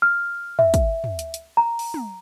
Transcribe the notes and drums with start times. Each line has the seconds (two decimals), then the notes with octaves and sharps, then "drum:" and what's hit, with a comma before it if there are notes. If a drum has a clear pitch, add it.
0.02 F6
0.59 E5, drum: tom
0.74 drum: kick, hi-hat
1.04 drum: tom
1.19 drum: hi-hat
1.34 drum: hi-hat
1.57 A#5
1.79 drum: open hi-hat
1.94 drum: tom